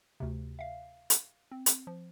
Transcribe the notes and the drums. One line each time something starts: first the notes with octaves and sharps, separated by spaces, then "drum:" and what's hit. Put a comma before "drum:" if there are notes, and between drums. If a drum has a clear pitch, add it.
D2 C3
E5 F5
drum: hi-hat
C4
drum: hi-hat
F3